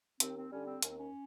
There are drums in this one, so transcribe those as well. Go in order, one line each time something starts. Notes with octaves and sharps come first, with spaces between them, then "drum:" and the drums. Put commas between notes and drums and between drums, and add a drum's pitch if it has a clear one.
D#2 C4, drum: hi-hat
C4
D3 G3 C#4
C4
D#2 C#4, drum: hi-hat
C4
C#4